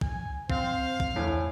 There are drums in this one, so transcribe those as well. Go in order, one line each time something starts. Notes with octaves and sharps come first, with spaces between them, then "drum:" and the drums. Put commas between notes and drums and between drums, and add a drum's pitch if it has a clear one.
G#5, drum: kick
C4 C5 F5, drum: kick
drum: kick
E2 A2 G#5